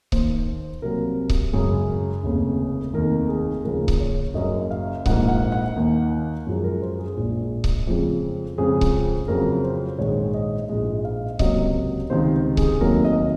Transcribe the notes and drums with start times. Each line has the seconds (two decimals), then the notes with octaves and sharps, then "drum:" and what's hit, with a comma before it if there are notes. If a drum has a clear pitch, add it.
0.12 D#2 D#3 A#3 C5, drum: kick C#1
0.82 C2 C3 F#3 A#3 A#4
1.30 drum: kick C#1
1.53 F#2 C#3 G#3 G#4
2.23 F1 D#2 C#3
2.94 F1 D#2 D#3 A#4
3.29 G#4
3.64 D#2 C#3 F3 A#3 A#4
3.88 drum: kick C#1
4.00 C#5
4.34 F#1 F#2 C#3 D#5
4.71 F5
5.06 A#1 G#2 F3 A#3 F#5, drum: kick C#1
5.28 F#5
5.52 F#5
5.76 D#2 D#3 A#3
6.47 F#2 F3 G#3
6.64 A#4
6.82 C5
6.99 G#4
7.17 A#1 A#2 G#3
7.64 drum: kick C#1
7.87 F2 C#3 F3 G#3
8.58 F2 C#3 F3 G#3 G#4
8.81 drum: kick C#1
9.28 F2 C#3 F#3 A#4
9.64 C5
9.99 A#1 G#2 D#3 G#3 C#5
10.34 D#5
10.69 A#1 G#2 F3 G#3 D#5
11.05 F5
11.39 C#2 C3 F#3 A#3 D#5, drum: kick C#1
12.10 C#2 C3 D#3 C5
12.57 G#4, drum: kick C#1
12.81 F1 D#2 D#3 F#3 A#3 A#4
13.05 D#5